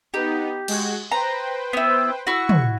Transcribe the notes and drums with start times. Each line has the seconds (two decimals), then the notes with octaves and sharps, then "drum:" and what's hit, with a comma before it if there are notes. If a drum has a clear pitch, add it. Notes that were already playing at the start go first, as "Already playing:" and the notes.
0.14 B3 D#4 G4
0.68 G#3 F#4 G#6, drum: cymbal
1.12 B4 C5 G5 A#5
1.73 B3 E4
2.27 E4 F#4 C#6
2.49 drum: tom